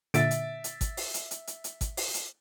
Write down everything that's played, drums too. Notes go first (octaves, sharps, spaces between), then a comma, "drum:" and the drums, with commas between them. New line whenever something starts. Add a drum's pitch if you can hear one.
A#2 D3 E5 A6 D7, drum: hi-hat
drum: hi-hat
drum: hi-hat
drum: kick, hi-hat
drum: open hi-hat
drum: hi-hat
drum: hi-hat
drum: hi-hat
drum: hi-hat
drum: kick, hi-hat
drum: open hi-hat
drum: hi-hat